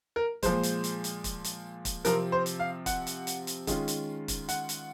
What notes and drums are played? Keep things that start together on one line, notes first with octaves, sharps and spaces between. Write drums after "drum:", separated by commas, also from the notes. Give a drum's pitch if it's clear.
A#4
A#2 F3 G#3 C5, drum: kick, hi-hat
drum: hi-hat
drum: hi-hat
drum: hi-hat
drum: kick, hi-hat
drum: hi-hat
drum: kick, hi-hat
C3 F3 C4 A#4, drum: hi-hat
C5
drum: hi-hat
F5
F#5, drum: kick, hi-hat
drum: hi-hat
drum: hi-hat
drum: hi-hat
D#3 G#3 C#4 F4, drum: kick, hi-hat
drum: hi-hat
drum: kick, hi-hat
F#5, drum: hi-hat
drum: hi-hat